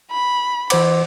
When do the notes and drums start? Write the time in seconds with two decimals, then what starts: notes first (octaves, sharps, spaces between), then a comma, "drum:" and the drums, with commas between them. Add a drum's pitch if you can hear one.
0.11 B5
0.70 E3 C5 D6, drum: cymbal